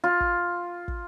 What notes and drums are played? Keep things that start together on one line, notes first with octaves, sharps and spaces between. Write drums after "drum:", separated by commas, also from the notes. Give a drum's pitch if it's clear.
F4
drum: kick
drum: kick